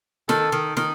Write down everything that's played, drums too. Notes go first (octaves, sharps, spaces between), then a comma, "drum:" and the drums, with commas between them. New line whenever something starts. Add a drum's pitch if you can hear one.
D#3 A4, drum: snare
D#3
D#3, drum: snare